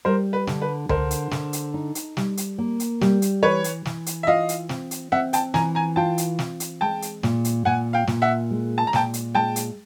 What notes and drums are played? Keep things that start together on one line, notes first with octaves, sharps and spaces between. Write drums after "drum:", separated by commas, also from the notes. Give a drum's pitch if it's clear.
G3 A#4 C5
B4
D3, drum: snare
B4
D3 A#4 C5, drum: tom C#2
drum: hi-hat
D3, drum: snare
drum: hi-hat
D#4
drum: hi-hat
G3, drum: snare
drum: hi-hat
A#3
drum: hi-hat
G3, drum: snare
drum: hi-hat
E3 B4 C#5
drum: hi-hat
E3, drum: snare
drum: hi-hat
E5
F4 D#5 F5
drum: hi-hat
C4, drum: snare
drum: hi-hat
C4 E5 F#5
G5 A5, drum: hi-hat
E3 G#5 A#5, drum: snare
G#5 A#5
F4 G5 A5
drum: hi-hat
C4, drum: snare
drum: hi-hat
G#3 G5 A5
drum: hi-hat
A#2, drum: snare
drum: hi-hat
A#2 F#5 G#5
F5 G5
A#2, drum: snare
E5 F#5
G#3
A5
A#5
A#2 G5 A5, drum: snare
drum: hi-hat
G#3 G5 A5
drum: hi-hat